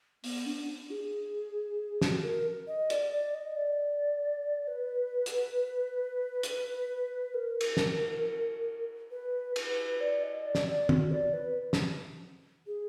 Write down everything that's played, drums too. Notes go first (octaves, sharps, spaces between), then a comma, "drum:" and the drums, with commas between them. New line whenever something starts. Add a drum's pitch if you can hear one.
B3, drum: open hi-hat
D4
D4
G#4
F#4, drum: snare
A#4
D#5
D5, drum: hi-hat
D5
D#5
D5
B4
drum: hi-hat
drum: hi-hat
A#4
drum: cymbal
drum: snare
B4
B4, drum: cymbal
D5
D#5
D5
drum: snare
D5
F#4, drum: tom
D5
B4
drum: snare
G#4